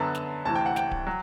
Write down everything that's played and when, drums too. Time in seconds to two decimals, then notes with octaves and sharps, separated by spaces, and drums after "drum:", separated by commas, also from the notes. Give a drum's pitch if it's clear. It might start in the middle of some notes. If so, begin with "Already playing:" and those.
Already playing: F#2 D3 F#3 B3 A5
0.15 drum: snare
0.45 D2 C3 E3 A5
0.55 G5
0.66 F#5
0.76 G5, drum: snare
0.91 drum: kick D1
1.07 F#3